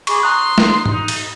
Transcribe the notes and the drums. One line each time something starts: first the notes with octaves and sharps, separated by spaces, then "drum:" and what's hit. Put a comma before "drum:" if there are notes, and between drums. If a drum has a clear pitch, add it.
G#4 B5 C#6 D6, drum: cymbal
A#5 C6 D#6 F#6
drum: snare
D#4, drum: tom G#2
drum: cymbal